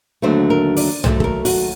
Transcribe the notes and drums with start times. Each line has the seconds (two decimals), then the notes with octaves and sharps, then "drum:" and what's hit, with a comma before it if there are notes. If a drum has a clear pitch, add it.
0.22 D#2 D3 F#3 A3 C5
0.50 A#4
0.76 D5, drum: open hi-hat
1.04 D#2 D3 F#3 A3 C5, drum: tom B1
1.20 A4, drum: kick
1.24 A#4
1.45 F#4, drum: open hi-hat